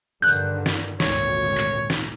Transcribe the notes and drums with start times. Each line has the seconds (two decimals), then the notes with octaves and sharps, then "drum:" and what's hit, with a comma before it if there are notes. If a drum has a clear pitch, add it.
0.22 G2 D3 D#3 F#6 G6
0.32 drum: tambourine
0.66 drum: snare
1.00 G#1 D2 A#2 C#5, drum: snare
1.58 drum: clap
1.90 drum: snare